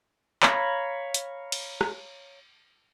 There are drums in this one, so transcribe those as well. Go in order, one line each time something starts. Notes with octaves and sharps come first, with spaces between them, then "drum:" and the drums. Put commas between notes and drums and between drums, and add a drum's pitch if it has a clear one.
C#5 F5 A#5 B5, drum: clap
drum: hi-hat
drum: cymbal
drum: rim click